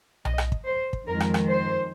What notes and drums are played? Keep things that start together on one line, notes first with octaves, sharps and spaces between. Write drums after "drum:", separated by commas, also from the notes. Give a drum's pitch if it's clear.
D#5, drum: tom B1
drum: rim click
drum: kick
C5
drum: kick
F2 D#3 G#3 A#4
drum: rim click
drum: rim click
C5